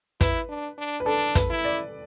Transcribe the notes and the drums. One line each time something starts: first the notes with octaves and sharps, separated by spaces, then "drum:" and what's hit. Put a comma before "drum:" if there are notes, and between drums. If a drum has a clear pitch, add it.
E4 B4, drum: kick, hi-hat
D4
D4
B4
D4 A4
B4, drum: kick, hi-hat
E4
D5